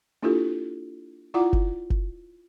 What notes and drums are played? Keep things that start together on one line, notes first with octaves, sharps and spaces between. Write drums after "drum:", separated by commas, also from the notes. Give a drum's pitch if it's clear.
A#3 D4 E4 F4 G4 A4
E4 F4 D5 F#5 A#5 D6
drum: kick F#1
drum: kick F#1